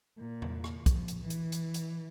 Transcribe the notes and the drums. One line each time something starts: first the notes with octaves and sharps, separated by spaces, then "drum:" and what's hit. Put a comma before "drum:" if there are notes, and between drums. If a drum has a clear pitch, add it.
A#2
drum: tom E2
drum: rim click
F3, drum: kick, hi-hat
drum: hi-hat
E3
drum: hi-hat
drum: hi-hat
drum: hi-hat